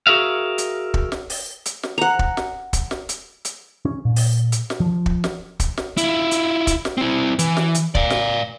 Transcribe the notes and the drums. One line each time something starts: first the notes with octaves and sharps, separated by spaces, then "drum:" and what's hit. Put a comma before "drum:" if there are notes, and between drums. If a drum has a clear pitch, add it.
F#4 G#4 A#4 E5 F5
drum: hi-hat
drum: kick
drum: snare
drum: open hi-hat
drum: hi-hat
drum: snare
F#5 A#5
drum: kick
drum: snare
drum: kick, hi-hat
drum: snare
drum: hi-hat
drum: hi-hat
C#4
A#2
drum: open hi-hat
drum: hi-hat
drum: snare
F3
drum: kick
drum: snare
drum: kick, hi-hat
drum: snare
E4 F4, drum: hi-hat
drum: hi-hat
drum: kick, hi-hat
drum: snare
C4 E4
E3, drum: hi-hat
drum: snare
drum: hi-hat
D5 F5, drum: kick
drum: snare